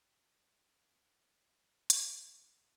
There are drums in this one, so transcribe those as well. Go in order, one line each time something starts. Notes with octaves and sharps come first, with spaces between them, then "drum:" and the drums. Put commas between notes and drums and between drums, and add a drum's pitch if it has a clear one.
G#5 E6
D4 F4
D#4 F4 G4 C#5
D#4 A#4 F5 C6, drum: hi-hat
D4
D#4 B5 C6